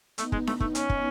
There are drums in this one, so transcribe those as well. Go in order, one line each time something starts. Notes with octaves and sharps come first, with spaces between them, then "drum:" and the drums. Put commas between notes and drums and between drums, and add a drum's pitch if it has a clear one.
A3 B3 D#4, drum: hi-hat
G#3, drum: kick
A3, drum: snare D4
A3, drum: kick
C#4, drum: hi-hat
drum: kick